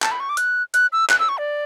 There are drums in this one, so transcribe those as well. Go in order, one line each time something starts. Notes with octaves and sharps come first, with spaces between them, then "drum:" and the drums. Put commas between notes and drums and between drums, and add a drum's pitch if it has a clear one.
A5, drum: clap
B5
C#6
D6
F#6, drum: hi-hat
F#6, drum: hi-hat
E6
F#6, drum: clap
E6
C#6
D5